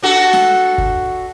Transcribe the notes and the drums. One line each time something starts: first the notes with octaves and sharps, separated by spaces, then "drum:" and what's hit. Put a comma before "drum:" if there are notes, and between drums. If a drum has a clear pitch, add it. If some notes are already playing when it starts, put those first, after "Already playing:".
D4 F#4 A4
drum: snare
drum: kick